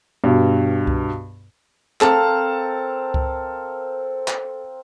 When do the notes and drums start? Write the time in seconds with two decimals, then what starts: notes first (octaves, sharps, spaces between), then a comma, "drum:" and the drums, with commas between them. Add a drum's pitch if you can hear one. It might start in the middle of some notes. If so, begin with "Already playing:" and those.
0.24 G2 B2
0.87 drum: kick C2
2.01 C4 A4 A#4 F5 A5, drum: clap
3.14 drum: kick C2
4.28 drum: clap